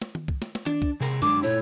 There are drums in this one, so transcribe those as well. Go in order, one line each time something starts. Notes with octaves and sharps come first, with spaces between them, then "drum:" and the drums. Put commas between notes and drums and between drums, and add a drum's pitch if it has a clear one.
drum: snare
drum: tom D#3
drum: kick C2
drum: snare
drum: snare
D4, drum: tom D#3
drum: kick C2
C3 G#4 A#4
F#3 G#3 D4 D6, drum: tom
A#2 A3 E4 C#5